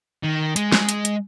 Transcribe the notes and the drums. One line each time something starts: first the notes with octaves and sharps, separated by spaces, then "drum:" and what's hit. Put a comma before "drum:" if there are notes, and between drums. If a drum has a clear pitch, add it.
D#3
G#3, drum: hi-hat
drum: snare
drum: hi-hat
drum: hi-hat